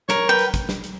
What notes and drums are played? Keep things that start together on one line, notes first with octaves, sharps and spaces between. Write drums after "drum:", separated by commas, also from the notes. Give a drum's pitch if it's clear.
A#4 C#5, drum: snare
B4 G5
drum: hi-hat
drum: kick, hi-hat
drum: snare
drum: hi-hat